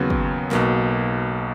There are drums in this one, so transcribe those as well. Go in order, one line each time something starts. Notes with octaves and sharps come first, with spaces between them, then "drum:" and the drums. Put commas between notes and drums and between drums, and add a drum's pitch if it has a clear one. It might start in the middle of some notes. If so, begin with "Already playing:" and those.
Already playing: D#2 C#3 F#3 B3
drum: kick
B1 B2 A#3, drum: snare